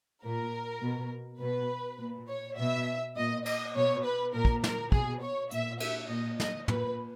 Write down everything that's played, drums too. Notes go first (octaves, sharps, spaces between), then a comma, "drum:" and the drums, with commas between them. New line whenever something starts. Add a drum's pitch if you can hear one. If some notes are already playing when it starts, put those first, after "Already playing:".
A#2 A#4
B2
B2 B4
A#2
C#5
B2 E5
A#2 D#5
D#5, drum: cymbal
B2 C#5
B4
A#2 A#4
drum: kick
A#4, drum: snare
B2 G#4, drum: kick
C#5
A#2 E5, drum: hi-hat
E5, drum: cymbal
A#2 D#5
D#5, drum: snare
A#2 B4, drum: tom